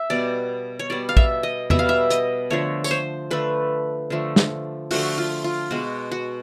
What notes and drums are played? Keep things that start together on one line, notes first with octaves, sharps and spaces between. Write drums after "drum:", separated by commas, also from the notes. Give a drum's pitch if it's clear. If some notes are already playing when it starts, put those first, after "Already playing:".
Already playing: E5
B2 G3 B3 D5
C#5
B2 G3 B3 D5
F5
E5, drum: kick
D#5
B2 G3 B3 E5, drum: tom E2
F5
E5
D#5, drum: hi-hat
D3 F3 A3 C#5
C#5, drum: tambourine
C5
D3 F3 A3 B4
D3 F3 A3
drum: snare
D3 F3 A3 F#4, drum: open hi-hat
F4
F4
B2 G#3 B3 F#4
F#4